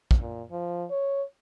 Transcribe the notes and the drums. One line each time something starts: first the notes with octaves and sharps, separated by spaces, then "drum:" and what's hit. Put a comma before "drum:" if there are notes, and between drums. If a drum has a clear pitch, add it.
drum: kick
A#2
F3
C#5